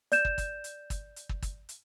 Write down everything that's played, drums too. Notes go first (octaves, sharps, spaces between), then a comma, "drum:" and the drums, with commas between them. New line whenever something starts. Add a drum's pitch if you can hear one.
D5 G6 E7, drum: hi-hat
drum: kick
drum: kick, hi-hat
drum: hi-hat
drum: kick, hi-hat
drum: hi-hat
drum: kick
drum: kick, hi-hat
drum: hi-hat